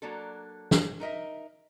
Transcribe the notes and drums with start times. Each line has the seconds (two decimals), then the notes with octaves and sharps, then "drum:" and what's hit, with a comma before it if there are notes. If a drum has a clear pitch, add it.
0.02 F#3 A#3 D4 A4
0.71 drum: snare
1.00 D#4 A#4 D#5 E5